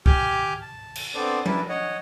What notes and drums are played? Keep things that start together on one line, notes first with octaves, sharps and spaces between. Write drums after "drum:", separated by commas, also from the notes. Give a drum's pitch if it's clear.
G4 G#5 D6 F6 G6, drum: kick
A5
drum: cymbal
B3 C4 D4 A4 C5 D5
D4 E4 A#4 B4 A5, drum: tom F3
C#5 D#5 F#5